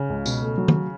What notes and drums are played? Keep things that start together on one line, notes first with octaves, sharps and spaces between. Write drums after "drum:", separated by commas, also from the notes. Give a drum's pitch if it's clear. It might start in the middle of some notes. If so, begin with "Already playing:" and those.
Already playing: C#3
C#2
B2, drum: tambourine
A3
F#3
drum: tom